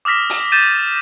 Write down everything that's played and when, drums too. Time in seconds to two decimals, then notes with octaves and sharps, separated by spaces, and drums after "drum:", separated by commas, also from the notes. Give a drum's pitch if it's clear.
0.05 D6 D#6 F6 A#6 B6
0.30 drum: open hi-hat
0.52 G6 A6 D#7 E7